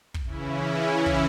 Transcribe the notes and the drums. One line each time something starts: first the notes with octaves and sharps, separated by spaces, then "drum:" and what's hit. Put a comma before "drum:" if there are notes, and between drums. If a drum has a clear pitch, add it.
drum: kick
C#3 E3 C#4 E4
drum: kick